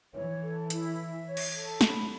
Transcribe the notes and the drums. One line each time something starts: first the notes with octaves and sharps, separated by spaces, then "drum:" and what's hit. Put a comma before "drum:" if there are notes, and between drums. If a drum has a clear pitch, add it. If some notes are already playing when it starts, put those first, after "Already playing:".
E3 C#5
A4
E4, drum: hi-hat
E5
C#5
drum: cymbal
A4
F#3 B5, drum: snare